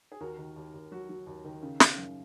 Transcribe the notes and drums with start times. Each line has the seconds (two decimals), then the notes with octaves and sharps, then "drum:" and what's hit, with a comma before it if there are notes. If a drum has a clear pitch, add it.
0.12 G#4
0.20 D#2 F#4 A#4
0.38 D#3
0.56 D#2
0.74 D#2
0.92 F#3 F#4
1.09 F#3
1.27 D#2
1.45 D#3
1.63 C#3
1.80 C#3, drum: snare
1.98 F#2